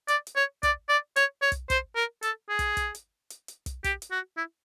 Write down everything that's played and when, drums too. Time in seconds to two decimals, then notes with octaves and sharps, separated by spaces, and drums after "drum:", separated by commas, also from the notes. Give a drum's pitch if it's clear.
0.08 D5, drum: hi-hat
0.27 drum: hi-hat
0.36 C#5
0.63 D5, drum: kick, hi-hat
0.89 D5
1.16 C#5, drum: hi-hat
1.42 C#5
1.52 drum: kick, hi-hat
1.70 C5, drum: kick, hi-hat
1.96 A#4
2.23 A4, drum: hi-hat
2.49 G#4
2.59 drum: kick, hi-hat
2.77 drum: kick, hi-hat
2.95 drum: hi-hat
3.30 drum: hi-hat
3.48 drum: hi-hat
3.66 drum: kick, hi-hat
3.84 G4, drum: kick, hi-hat
4.02 drum: hi-hat
4.11 F#4
4.37 E4